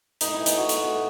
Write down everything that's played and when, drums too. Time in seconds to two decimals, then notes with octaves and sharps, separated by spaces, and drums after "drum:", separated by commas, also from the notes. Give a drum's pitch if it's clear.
0.21 A2 D#4, drum: hi-hat
0.34 E3 E4
0.46 D#4, drum: hi-hat
0.53 A3 F#4
0.69 A2, drum: hi-hat
0.86 A2